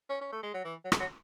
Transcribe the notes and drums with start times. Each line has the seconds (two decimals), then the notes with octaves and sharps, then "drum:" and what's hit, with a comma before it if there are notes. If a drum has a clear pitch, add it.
0.10 C#4
0.21 C#4
0.32 A3
0.43 G#3
0.54 F#3
0.64 E3
0.85 F#3
0.92 G#3, drum: rim click
1.00 F#3